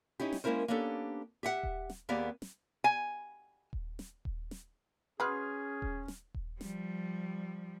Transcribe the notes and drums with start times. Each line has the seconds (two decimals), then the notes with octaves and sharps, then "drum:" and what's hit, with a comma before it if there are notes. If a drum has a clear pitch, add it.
0.19 C#4 D#4 E4 G4
0.33 drum: snare
0.44 G#3 A#3 C#4 E4 A#4 C5
0.68 A#3 B3 C#4 D4 G4 A4
1.43 G4 E5 F#5
1.63 drum: kick D#1
1.90 drum: snare
2.09 D#2 A#3 B3 G4 G#4 D5
2.42 drum: snare
2.84 G#5
3.73 drum: kick D#1
3.99 drum: snare
4.25 drum: kick D#1
4.51 drum: snare
5.20 F#3 C#4 G#4 B4 C6 D#6 F6
5.82 drum: kick D#1
6.08 drum: snare
6.34 drum: kick D#1
6.61 F3 G3, drum: snare